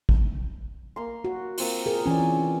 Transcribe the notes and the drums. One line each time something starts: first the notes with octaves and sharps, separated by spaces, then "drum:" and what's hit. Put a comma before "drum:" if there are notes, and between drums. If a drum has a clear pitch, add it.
drum: kick
A#3 C6
F#4
A#3 C4 F4, drum: open hi-hat
G#4 A#4
E3 C#4 D5 G#5
C4